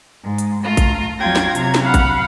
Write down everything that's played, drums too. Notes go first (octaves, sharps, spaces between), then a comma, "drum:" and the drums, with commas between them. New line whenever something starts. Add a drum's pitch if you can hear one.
G#2
drum: hi-hat
A3 F4 A#5
drum: kick A1, hi-hat
F2 F#3 F4 G5 G#6 A#6
drum: snare
C3 F#3 A#5 G#6, drum: hi-hat
drum: snare
F5 F#5 B5
drum: kick A1, hi-hat